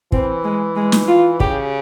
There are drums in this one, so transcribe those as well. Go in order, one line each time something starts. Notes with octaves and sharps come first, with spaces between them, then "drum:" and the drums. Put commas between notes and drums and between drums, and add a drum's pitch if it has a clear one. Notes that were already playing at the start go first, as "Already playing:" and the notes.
E3 C4, drum: kick
G#3
G#3
drum: snare
F4
C#3 G4, drum: kick